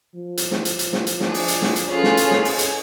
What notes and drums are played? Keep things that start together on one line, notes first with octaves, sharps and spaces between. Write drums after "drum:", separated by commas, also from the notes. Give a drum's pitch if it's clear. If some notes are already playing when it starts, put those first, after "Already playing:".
F3
drum: hi-hat
drum: snare
drum: hi-hat
drum: hi-hat
drum: snare
drum: hi-hat
D4 G#4, drum: snare
drum: open hi-hat
drum: hi-hat
drum: snare
drum: hi-hat
C#4 F4 G#4 A4 B4
drum: snare
drum: hi-hat
drum: snare
drum: open hi-hat
drum: hi-hat